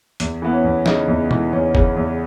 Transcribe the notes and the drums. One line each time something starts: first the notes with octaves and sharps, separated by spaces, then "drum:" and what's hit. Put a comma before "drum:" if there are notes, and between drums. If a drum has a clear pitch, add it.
E2, drum: hi-hat
E3 B3
C#4
E2
C#3 D#4, drum: snare
E2
E3, drum: tom C3
E2 C#4
C#3, drum: kick
E2